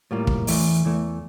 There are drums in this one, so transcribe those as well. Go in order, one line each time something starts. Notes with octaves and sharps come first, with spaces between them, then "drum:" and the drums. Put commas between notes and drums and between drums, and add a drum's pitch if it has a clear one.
A2 G3 A#3 F4
drum: kick
E2 E3 A3, drum: open hi-hat
E2 E3 A3